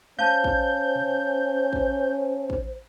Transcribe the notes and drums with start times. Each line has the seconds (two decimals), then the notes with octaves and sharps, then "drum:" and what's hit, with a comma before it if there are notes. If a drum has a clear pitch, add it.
0.19 C#4 C5 F5 A5 G6, drum: tom G#3
0.44 drum: kick A1
0.96 drum: tom B2
1.73 drum: kick A1
2.50 drum: kick A1